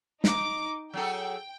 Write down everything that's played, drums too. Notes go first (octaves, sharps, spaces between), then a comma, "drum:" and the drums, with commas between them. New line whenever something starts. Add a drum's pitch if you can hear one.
D#4 D6, drum: snare
F#3 G#4 A4 G5